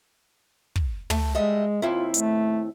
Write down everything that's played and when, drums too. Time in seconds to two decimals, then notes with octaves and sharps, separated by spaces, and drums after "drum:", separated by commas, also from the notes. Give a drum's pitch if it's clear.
0.76 drum: kick
1.10 A3, drum: tom
1.35 G3 G#3 D#5 E5
1.82 D#2 C4 E4 F4
2.14 A3, drum: hi-hat